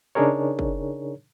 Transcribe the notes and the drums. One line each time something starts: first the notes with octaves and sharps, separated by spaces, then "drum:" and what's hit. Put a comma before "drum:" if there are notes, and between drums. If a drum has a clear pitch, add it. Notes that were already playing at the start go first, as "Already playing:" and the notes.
C#3 D4 D#4 G#4 A#4 C#5
drum: kick